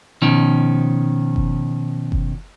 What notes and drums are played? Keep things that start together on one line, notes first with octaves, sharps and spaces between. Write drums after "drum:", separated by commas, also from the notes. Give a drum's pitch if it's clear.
B2 D#3 F3 C#4
drum: kick F#1
drum: kick F#1